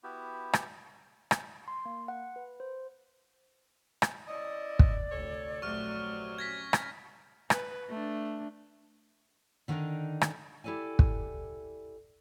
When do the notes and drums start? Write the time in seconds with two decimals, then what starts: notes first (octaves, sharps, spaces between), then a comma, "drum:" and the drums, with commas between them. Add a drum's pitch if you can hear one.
0.04 B3 E4 F#4 G4
0.53 drum: rim click
1.31 drum: rim click
1.68 C6
1.85 A#3
2.08 F#5
2.36 B4
2.60 C5
4.02 drum: rim click
4.28 C#4 E4 D5 D#5
4.79 drum: kick
5.11 D2 C3 A4 C#5
5.62 A#1 C3 F#3 A3 C#6 F6
6.38 C#4 G#6 A#6 B6
6.73 drum: rim click
7.50 B4, drum: rim click
7.89 A3 D4
9.68 D3 D#3 A#3 C4 D4 D#4
10.21 drum: rim click
10.64 E4 G4 A4 D5 G#5
10.99 drum: kick